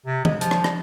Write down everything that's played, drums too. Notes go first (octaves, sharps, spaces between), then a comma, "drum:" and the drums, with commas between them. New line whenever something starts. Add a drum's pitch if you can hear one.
C3
G#3, drum: tom
F3, drum: hi-hat
drum: rim click
drum: rim click